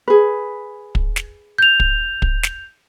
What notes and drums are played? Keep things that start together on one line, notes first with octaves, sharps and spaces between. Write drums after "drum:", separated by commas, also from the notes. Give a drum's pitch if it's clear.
G#4 B4
drum: kick
drum: snare
G6 F7
drum: kick
drum: kick
drum: snare